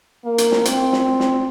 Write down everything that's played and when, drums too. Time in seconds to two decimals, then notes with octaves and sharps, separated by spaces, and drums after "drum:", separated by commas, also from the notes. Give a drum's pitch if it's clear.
0.24 A#3
0.38 drum: hi-hat
0.52 drum: snare
0.65 C4, drum: hi-hat
0.93 drum: snare
1.20 drum: snare